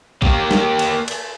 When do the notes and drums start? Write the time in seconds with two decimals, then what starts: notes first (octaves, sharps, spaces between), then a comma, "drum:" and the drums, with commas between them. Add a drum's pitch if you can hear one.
0.22 A#3 G4, drum: kick A#1
0.51 drum: snare
0.79 drum: cymbal
1.08 drum: cymbal